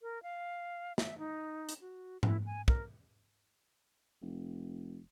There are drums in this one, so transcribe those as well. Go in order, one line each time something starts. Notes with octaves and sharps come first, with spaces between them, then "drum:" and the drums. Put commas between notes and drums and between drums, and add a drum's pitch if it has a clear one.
A#4
F5
E5, drum: snare
D#4
drum: hi-hat
F#4
E4, drum: tom G#2
G#5
A#4, drum: kick
F1